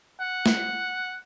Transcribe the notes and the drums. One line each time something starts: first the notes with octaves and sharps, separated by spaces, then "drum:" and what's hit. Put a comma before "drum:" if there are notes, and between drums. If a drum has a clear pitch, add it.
F#5
drum: snare